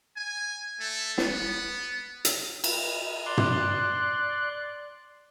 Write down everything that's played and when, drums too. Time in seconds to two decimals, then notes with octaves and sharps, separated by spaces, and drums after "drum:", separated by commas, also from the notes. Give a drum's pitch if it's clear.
0.16 G#5
0.80 A3
1.18 B3, drum: snare
2.25 drum: hi-hat
2.64 drum: cymbal
3.26 D5 C6 F#6
3.38 drum: tom